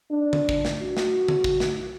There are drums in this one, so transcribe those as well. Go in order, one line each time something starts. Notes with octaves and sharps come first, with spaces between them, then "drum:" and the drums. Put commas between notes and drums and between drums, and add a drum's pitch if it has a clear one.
D4
drum: tom D3
drum: kick
drum: snare
F#4
drum: snare
drum: tom D3
drum: kick
drum: snare